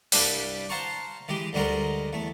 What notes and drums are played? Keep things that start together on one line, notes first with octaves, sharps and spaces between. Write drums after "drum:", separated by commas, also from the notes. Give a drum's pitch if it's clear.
C2 G2 G3 D4 B4, drum: open hi-hat
C5 F5 F#5 A5 A#5 C#6
E3 G#3 G4
D2 G3 G#3 F#4 A#4
E2 A3